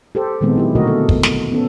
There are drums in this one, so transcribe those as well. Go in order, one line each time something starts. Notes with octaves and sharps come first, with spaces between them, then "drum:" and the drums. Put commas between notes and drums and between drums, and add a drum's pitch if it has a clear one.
G4 A4 C5
A#2 D#3 G#3 B3 C4
F#3 E4 G4
B2 D3 A3 F#4 A#4 D#5
A4
drum: kick
drum: snare
B3 C#4 A4